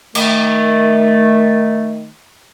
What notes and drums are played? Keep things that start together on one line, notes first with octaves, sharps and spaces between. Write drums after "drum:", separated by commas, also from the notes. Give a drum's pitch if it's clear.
D#3 A3, drum: cymbal